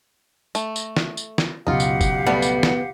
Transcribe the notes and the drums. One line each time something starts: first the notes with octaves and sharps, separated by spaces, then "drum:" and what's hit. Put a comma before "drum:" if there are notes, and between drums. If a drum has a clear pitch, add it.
A3, drum: tambourine
drum: tambourine
drum: snare
drum: tambourine
drum: snare
C#2 F#2 B2 D#4 F4 G4 F5 F#5
drum: tambourine
drum: kick F#1, tambourine
G3 A3 B3
drum: tambourine
drum: snare